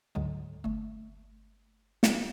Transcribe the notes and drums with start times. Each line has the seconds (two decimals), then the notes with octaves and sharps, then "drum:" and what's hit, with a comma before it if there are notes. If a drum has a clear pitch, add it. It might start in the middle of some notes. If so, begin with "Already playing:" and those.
0.15 D2 G#2 D3 F#3 G#3
0.64 G1 A3
2.03 drum: snare